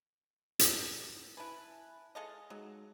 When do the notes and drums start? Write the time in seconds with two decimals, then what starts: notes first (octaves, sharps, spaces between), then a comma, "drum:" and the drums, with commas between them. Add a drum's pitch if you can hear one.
0.59 drum: hi-hat
1.37 E4 B4 G#5 A5 F#6
2.15 G#3 A4 D#5 F5
2.50 F#3 G#3 D#4